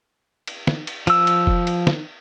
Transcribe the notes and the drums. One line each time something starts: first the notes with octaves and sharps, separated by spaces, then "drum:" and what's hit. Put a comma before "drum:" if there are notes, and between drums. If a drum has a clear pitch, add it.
drum: cymbal
drum: snare
drum: cymbal
F3 E6, drum: cymbal
drum: cymbal
drum: kick F1
drum: cymbal
drum: snare